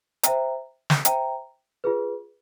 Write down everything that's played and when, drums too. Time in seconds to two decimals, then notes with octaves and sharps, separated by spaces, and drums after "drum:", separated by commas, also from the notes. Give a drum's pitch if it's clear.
0.23 C5 E5 G5 A#5, drum: hi-hat
0.90 drum: snare
1.05 C5 E5 G5 A#5, drum: hi-hat
1.84 F4 G#4 B4